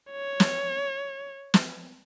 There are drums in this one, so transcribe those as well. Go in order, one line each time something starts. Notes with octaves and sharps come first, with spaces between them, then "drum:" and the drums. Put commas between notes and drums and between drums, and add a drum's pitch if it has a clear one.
C#5
drum: snare
drum: snare